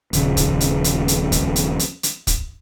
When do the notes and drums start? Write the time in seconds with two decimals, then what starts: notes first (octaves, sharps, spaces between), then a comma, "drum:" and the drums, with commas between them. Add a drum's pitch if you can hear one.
0.13 D#1 A#1 C#3, drum: hi-hat
0.37 drum: kick, hi-hat
0.61 drum: hi-hat
0.84 drum: hi-hat
1.08 drum: hi-hat
1.32 drum: kick, hi-hat
1.56 drum: hi-hat
1.79 drum: hi-hat
2.03 drum: hi-hat
2.27 drum: kick, hi-hat